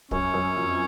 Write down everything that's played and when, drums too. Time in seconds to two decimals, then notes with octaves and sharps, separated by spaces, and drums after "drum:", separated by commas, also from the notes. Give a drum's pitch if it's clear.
0.11 F#2 C#4, drum: kick
0.34 F#2
0.57 F2